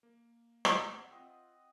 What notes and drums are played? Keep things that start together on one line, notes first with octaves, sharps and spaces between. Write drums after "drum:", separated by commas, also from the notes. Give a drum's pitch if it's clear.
A#3
drum: rim click
C4 C5 E5 F#5
C4 F4 D#5 F#5